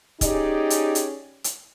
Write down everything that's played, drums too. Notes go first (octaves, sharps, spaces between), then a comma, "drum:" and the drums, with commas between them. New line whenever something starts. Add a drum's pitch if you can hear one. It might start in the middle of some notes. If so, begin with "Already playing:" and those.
C#4 D#4 G4 G#4 D5, drum: kick, hi-hat
drum: hi-hat
drum: hi-hat
drum: hi-hat